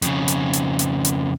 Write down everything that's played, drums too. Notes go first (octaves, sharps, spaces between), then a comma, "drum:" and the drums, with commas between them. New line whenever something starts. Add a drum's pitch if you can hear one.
F2 C#3, drum: hi-hat
drum: hi-hat
drum: hi-hat
drum: hi-hat
drum: hi-hat